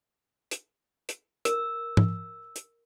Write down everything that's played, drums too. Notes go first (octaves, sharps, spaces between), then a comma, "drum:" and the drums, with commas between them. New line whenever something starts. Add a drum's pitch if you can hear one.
drum: hi-hat
drum: hi-hat
A#4 E6, drum: hi-hat
drum: tom G#2
drum: hi-hat